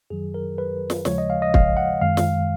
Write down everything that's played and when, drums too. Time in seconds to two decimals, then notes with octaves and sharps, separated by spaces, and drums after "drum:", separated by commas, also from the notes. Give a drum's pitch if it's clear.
0.10 F#2 D#3 F#3 G#4
0.34 A#4
0.58 B4
0.90 drum: snare
1.05 D#2 C#3 F3 G#3 C#5, drum: snare
1.18 D#5
1.30 F5
1.42 D#5
1.54 F5, drum: kick
1.77 F#5
2.01 F#2 D#3 G#3 F5
2.17 drum: snare